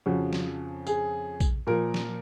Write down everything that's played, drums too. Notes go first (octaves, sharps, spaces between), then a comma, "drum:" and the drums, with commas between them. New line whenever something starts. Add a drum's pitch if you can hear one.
F2 C#3 F3 F#4
drum: snare F#3
G#4, drum: tambourine
drum: kick, tambourine
A#2 F3 A#4
drum: snare F#3